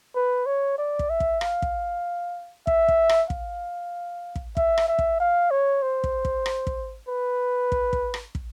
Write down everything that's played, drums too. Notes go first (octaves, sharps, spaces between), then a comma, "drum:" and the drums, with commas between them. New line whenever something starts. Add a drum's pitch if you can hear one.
B4
C#5
D5
drum: kick
E5
drum: kick
F5, drum: rim click
drum: kick
E5, drum: kick
drum: kick
drum: rim click
F5, drum: kick
drum: kick
E5, drum: kick
drum: rim click
E5
drum: kick
F5
C#5
C5
drum: kick
drum: kick
drum: rim click
drum: kick
B4
drum: kick
drum: kick
drum: rim click
drum: kick